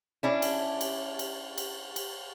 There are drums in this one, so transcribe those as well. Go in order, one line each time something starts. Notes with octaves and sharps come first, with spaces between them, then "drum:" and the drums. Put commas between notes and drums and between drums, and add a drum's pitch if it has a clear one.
C#4 D4 E4
drum: cymbal
drum: cymbal
drum: cymbal
drum: cymbal
drum: cymbal